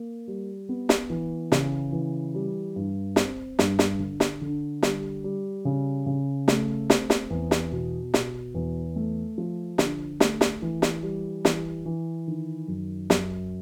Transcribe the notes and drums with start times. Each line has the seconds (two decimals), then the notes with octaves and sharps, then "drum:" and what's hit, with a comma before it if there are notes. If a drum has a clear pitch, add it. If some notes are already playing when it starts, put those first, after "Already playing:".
Already playing: A#3
0.28 G3
0.69 B3
0.89 drum: snare
1.10 E3
1.52 C#3, drum: snare
1.92 E3
2.35 G3
2.76 G2
3.16 C4, drum: snare
3.59 G2, drum: snare
3.79 drum: snare
3.99 D3
4.20 drum: snare
4.41 D3
4.83 G3, drum: snare
5.24 G3
5.65 C#3
6.06 C#3
6.48 A3, drum: snare
6.90 C4, drum: snare
7.10 drum: snare
7.30 E2
7.51 drum: snare
7.72 B2
8.14 B2, drum: snare
8.54 E2
8.96 A3
9.38 F3
9.78 D3, drum: snare
10.20 A3, drum: snare
10.41 drum: snare
10.62 E3
10.82 drum: snare
11.03 G3
11.45 E3, drum: snare
11.86 E3
12.28 D#3
12.68 F#2
13.10 F#2, drum: snare